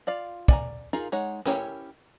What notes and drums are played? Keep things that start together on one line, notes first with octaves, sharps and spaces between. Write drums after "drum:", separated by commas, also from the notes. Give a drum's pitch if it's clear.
F4 D5 F5
D5 G#5 A#5, drum: kick
D#4 F4 G#4 A#4 F5
G#3 D#4 C#5 F#5
C#4 E4 G4 A#4 C#5, drum: rim click